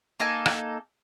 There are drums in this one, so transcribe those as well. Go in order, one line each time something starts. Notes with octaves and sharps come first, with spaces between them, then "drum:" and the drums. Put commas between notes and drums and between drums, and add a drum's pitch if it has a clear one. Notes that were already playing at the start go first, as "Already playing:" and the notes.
A#3 D#4 A4 G#5
drum: rim click